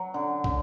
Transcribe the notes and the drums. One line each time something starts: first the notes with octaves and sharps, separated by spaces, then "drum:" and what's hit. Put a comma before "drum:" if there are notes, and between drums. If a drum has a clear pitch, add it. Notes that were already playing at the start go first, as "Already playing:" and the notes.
Already playing: F#3
D3
D3, drum: kick